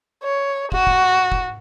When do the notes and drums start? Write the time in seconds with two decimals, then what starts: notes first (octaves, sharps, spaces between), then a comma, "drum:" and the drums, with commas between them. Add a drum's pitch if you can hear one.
0.23 C#5
0.72 F#4, drum: kick
0.87 drum: kick
1.32 drum: kick